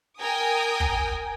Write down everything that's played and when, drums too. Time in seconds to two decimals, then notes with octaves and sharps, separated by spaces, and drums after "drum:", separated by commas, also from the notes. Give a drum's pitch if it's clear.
0.19 A#4 G5 G#5 A#5 D#6
0.80 drum: kick